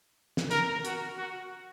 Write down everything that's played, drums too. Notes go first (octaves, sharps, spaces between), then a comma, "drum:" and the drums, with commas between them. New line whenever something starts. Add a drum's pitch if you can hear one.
drum: snare
A#4, drum: hi-hat
F#4, drum: hi-hat
F#4